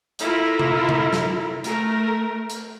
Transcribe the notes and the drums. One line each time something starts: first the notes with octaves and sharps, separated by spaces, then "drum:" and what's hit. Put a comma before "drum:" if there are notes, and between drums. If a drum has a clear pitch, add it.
E4 F4 A4 A#4, drum: hi-hat
drum: tom C3
drum: tom C3
drum: snare
A3 A#4, drum: hi-hat
drum: hi-hat